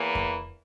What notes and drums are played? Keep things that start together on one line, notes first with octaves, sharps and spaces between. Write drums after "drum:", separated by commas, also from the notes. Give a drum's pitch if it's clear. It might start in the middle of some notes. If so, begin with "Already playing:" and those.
Already playing: E2 E3 A#3
drum: kick F2